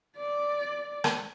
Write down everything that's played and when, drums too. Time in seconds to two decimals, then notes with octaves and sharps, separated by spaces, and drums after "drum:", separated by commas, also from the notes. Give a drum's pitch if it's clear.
0.18 D5
1.04 drum: rim click